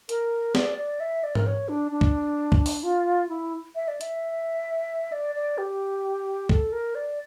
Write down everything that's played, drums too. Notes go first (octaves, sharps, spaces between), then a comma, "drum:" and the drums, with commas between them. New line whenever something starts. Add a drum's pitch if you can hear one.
A#4, drum: hi-hat
D5, drum: snare
D5
E5
D5
A#4, drum: tom G#2
C#5
D4
D4
drum: kick C#2
drum: kick C#2
drum: open hi-hat
F4
E4
E5
D5
E5, drum: hi-hat
D5
D5
G4
A4, drum: kick C#2
A#4
D5